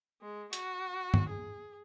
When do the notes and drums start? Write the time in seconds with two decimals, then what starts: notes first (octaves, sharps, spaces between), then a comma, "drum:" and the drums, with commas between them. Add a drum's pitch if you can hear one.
0.21 G#3
0.53 F#4, drum: hi-hat
1.14 drum: tom
1.29 G#4